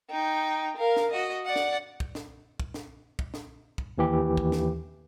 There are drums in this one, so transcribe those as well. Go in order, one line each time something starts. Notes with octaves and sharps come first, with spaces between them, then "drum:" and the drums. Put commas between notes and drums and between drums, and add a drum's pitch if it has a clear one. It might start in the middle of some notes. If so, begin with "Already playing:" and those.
D#4 G5
A#4 F5
drum: snare
F#4 D#5
D5 F#5
drum: snare
drum: kick
drum: snare
drum: kick
drum: snare
drum: kick
drum: snare
drum: kick
D#2 E3 G4
drum: kick
drum: snare